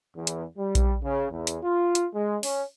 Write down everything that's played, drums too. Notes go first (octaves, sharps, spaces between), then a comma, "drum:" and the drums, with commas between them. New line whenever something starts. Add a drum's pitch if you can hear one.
E2
drum: hi-hat
G3
drum: kick A#1, hi-hat
C#3
E2
drum: hi-hat
F4
drum: hi-hat
G#3
C#4, drum: open hi-hat